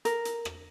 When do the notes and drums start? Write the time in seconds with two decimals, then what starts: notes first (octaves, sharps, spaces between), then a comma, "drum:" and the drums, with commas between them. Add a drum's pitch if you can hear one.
0.05 A#4, drum: hi-hat
0.25 drum: hi-hat
0.45 drum: rim click